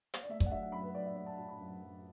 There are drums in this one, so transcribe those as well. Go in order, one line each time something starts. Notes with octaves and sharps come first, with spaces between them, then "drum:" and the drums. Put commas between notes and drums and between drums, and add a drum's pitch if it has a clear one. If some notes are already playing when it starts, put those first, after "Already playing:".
drum: hi-hat
D5
A3 E5
D5, drum: kick
F#5
F#3 E5
F#5
F#2 B5
B4
F#2 D5
E5
A3 D5
A5
F#3 A5
B5
F#2
F#2